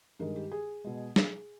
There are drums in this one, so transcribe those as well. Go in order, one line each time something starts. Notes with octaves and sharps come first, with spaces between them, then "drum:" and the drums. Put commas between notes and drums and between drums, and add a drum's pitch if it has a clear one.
G2 D#3 G#3 A#4
G4
G#4
B2 G#3
G#4, drum: snare